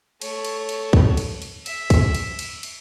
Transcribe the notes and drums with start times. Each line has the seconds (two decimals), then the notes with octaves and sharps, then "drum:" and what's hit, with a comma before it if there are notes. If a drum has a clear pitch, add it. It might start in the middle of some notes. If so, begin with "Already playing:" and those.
0.22 A3 C#5, drum: cymbal
0.45 drum: cymbal
0.69 drum: cymbal
0.93 drum: kick
1.17 drum: cymbal
1.42 drum: cymbal
1.66 E5, drum: cymbal
1.90 drum: kick, cymbal
2.15 drum: cymbal
2.39 drum: cymbal
2.63 drum: cymbal